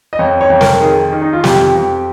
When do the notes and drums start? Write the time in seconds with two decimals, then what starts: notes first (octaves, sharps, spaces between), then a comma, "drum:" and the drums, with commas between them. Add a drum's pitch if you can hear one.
0.13 D#5
0.19 F2 C#5
0.41 C#5
0.50 F2
0.61 A#4, drum: snare
0.81 D#3 G#4
1.12 D#3
1.22 D#4
1.33 F4
1.44 F2 G4, drum: snare
1.75 F2